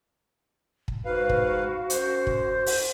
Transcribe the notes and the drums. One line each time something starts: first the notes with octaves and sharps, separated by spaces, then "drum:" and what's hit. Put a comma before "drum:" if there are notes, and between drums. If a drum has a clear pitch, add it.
drum: kick
G#2 F#4 B4 F5
drum: kick
F#2 C5, drum: hi-hat
drum: kick
drum: open hi-hat